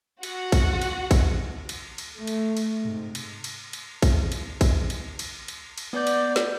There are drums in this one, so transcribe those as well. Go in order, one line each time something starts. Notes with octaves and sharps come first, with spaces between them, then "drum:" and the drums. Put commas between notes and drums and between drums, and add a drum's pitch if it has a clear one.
F#4, drum: cymbal
drum: kick, cymbal
drum: cymbal
drum: kick, cymbal
drum: cymbal
drum: cymbal
A3
drum: cymbal
drum: cymbal
G#2 C3
drum: cymbal
drum: cymbal
drum: cymbal
drum: kick, cymbal
drum: cymbal
drum: kick, cymbal
drum: cymbal
drum: cymbal
drum: cymbal
drum: cymbal
B3 D5 G6
drum: cymbal
drum: snare